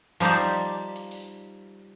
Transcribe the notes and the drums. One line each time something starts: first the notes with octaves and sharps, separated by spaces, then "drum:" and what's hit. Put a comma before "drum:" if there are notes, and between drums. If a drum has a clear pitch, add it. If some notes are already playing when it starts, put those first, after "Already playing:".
F3 G3 D#4 C5 D5, drum: cymbal
drum: hi-hat
drum: open hi-hat